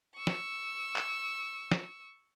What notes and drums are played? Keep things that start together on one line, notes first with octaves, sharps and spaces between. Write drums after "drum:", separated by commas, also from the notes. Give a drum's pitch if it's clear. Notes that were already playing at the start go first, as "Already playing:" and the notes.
C#6 E6
drum: snare
drum: clap
drum: snare